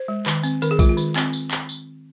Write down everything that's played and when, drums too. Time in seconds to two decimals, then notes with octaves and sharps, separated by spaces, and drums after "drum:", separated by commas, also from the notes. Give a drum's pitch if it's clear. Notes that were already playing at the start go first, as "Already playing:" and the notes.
Already playing: C5
0.08 G#3
0.26 D#3, drum: clap
0.43 C4, drum: tambourine
0.62 D#3 A#4, drum: tambourine
0.71 G#4
0.79 G#3 F4, drum: kick A#1, tambourine
0.89 F4
0.97 D#3, drum: tambourine
1.16 C4, drum: clap
1.33 drum: tambourine
1.51 drum: clap
1.69 drum: tambourine